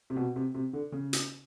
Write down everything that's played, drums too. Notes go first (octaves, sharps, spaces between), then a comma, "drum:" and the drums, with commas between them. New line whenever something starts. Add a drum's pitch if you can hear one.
C3
B2
C3
C3
D3
C#3
drum: hi-hat